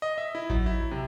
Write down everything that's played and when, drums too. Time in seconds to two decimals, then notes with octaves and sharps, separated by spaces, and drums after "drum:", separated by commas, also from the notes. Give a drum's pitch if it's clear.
0.02 D#5
0.18 E5
0.35 E4
0.50 F#3, drum: kick A1
0.66 E4
0.91 C3